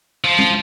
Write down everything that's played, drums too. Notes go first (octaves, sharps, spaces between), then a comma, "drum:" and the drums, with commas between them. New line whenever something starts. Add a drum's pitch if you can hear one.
F3
drum: tom